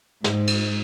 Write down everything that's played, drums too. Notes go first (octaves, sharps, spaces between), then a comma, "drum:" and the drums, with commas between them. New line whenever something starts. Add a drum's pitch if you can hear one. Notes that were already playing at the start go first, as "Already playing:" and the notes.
G#2, drum: snare
drum: cymbal